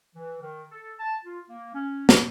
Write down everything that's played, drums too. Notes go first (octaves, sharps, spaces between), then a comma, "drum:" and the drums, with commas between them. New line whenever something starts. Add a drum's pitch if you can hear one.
E3
D#3
A4
A5
F4
A#3
C#4
B2, drum: snare